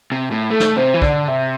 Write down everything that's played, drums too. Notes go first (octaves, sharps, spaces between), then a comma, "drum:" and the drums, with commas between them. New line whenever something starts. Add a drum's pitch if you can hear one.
C3
A2
A3 A4
drum: snare
C3 C5
E3
D3 D5, drum: kick
C3 E5